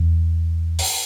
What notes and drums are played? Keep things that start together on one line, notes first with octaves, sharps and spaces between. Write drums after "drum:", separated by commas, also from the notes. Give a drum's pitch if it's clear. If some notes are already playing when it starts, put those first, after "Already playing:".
Already playing: E2
drum: open hi-hat